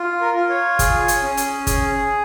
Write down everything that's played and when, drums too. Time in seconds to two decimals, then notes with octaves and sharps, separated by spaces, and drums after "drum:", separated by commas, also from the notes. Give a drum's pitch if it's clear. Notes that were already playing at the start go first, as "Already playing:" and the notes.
Already playing: F4
0.21 A#4
0.35 F4
0.49 C#5
0.79 G#4, drum: kick G1, hi-hat
1.08 drum: hi-hat
1.23 C#4
1.37 drum: hi-hat
1.67 G#4, drum: kick G1, hi-hat